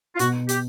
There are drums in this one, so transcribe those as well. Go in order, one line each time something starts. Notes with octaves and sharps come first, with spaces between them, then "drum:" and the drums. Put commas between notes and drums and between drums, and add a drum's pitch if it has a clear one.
F4
B2 F#4, drum: hi-hat
G4, drum: hi-hat